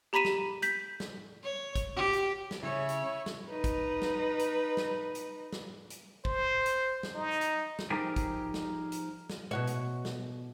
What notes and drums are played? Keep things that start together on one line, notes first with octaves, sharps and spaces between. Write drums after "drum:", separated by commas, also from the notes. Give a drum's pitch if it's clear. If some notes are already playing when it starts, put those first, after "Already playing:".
G4 A#5 B5 B6 D#7 E7
drum: snare
G6 B6, drum: hi-hat
drum: snare
C#5
drum: kick, hi-hat
G4
drum: hi-hat
drum: snare
C#3 C#4 E4 C#5
drum: hi-hat
drum: snare
D#4 B4
drum: kick, hi-hat
drum: snare
drum: hi-hat
drum: snare
drum: hi-hat
drum: snare
drum: hi-hat
C5, drum: kick
drum: hi-hat
drum: snare
D#4
drum: hi-hat
drum: snare
F3 D#4 G4 G#4 A#4
drum: kick, hi-hat
drum: snare
drum: hi-hat
drum: snare
B2 F#4 C#5
drum: hi-hat
drum: snare